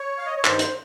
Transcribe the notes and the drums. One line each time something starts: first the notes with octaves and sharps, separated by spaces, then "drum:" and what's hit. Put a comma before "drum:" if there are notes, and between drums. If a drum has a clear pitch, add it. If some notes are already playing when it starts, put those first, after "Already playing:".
Already playing: C#5
F5
D#5
C#5
G2 D#3 C5, drum: clap
drum: hi-hat